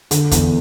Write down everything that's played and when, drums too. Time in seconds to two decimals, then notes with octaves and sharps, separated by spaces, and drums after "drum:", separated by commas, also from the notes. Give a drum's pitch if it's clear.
0.11 D3, drum: hi-hat
0.31 E2, drum: kick, hi-hat